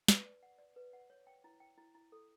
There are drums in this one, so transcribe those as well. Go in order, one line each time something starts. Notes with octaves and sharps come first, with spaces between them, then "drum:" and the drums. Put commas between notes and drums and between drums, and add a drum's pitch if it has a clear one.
B4, drum: snare
D5
F#5
D5
B4
F#5
C#5
G5
E4
G5
E4
E4
A4